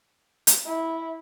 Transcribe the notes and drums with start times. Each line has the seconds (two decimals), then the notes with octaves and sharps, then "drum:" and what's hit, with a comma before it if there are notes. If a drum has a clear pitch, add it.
0.47 drum: hi-hat
0.65 E4